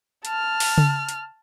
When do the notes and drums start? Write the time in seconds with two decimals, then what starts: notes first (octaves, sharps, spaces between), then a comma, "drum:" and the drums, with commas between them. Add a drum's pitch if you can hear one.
0.25 A5 F6, drum: hi-hat
0.60 drum: open hi-hat
0.78 drum: tom C#3
1.09 drum: hi-hat